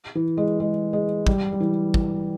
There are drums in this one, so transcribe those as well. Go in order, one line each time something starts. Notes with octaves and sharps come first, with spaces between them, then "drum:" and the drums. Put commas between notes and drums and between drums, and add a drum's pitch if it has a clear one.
E3
G#3
G#3
G#3
G3, drum: kick
G3
E3
drum: kick